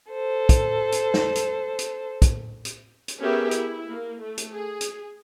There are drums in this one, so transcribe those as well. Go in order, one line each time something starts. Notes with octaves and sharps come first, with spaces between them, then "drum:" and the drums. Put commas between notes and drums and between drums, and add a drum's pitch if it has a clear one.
A4 C5
drum: kick, hi-hat
drum: hi-hat
drum: snare
drum: hi-hat
drum: hi-hat
drum: kick, hi-hat
drum: hi-hat
drum: hi-hat
B3 C#4 G4 G#4 A#4 E5
E4, drum: hi-hat
A#3
A3
drum: hi-hat
G#4
drum: hi-hat